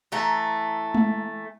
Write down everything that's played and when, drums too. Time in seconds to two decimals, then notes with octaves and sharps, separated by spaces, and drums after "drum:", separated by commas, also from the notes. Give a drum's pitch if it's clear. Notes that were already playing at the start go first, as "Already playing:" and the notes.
0.12 E3 A3 A#5
0.95 drum: tom G#3